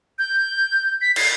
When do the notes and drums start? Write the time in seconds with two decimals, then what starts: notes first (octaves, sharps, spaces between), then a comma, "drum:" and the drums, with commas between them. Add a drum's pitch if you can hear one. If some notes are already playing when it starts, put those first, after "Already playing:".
0.19 G6
1.01 B6
1.16 C7, drum: cymbal